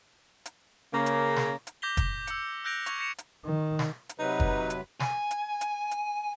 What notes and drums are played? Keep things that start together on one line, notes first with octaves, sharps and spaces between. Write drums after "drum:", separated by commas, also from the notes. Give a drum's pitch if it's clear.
drum: hi-hat
C#3 A#3
drum: hi-hat
drum: snare
drum: hi-hat
D6 G6 A#6 B6 F7 G7
drum: kick, hi-hat
E6 C#7, drum: hi-hat
E6 F#6 G6 A#6 D7 F7
C#6 G#6 C#7 F7, drum: hi-hat
G6 A#6 B6 C#7 E7 F7
drum: hi-hat
D#3
drum: snare
drum: hi-hat
C3 F#3 D#4 B4
drum: kick
drum: hi-hat
G#5, drum: snare
drum: hi-hat
drum: hi-hat
drum: hi-hat